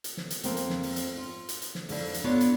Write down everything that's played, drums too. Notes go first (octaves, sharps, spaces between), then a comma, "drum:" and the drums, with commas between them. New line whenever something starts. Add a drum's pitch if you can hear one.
drum: hi-hat
drum: snare
drum: hi-hat
F2 A#3 C4, drum: hi-hat
drum: hi-hat
drum: snare
drum: open hi-hat
drum: hi-hat
F4
drum: hi-hat
drum: hi-hat
drum: snare
F2 D3 E4, drum: open hi-hat
drum: hi-hat
B3 D4 F4 A4 B4 C#5
drum: hi-hat